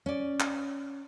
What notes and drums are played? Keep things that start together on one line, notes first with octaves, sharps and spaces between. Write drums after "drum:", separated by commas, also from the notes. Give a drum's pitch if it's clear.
C#4 D5
drum: clap